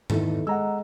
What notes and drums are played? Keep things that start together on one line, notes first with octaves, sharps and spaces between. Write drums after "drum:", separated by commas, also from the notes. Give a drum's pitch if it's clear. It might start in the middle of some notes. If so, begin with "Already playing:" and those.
E2 D#3 A3 D#4 E4 A4, drum: tom G#2
G#3 F#5 A#5 E6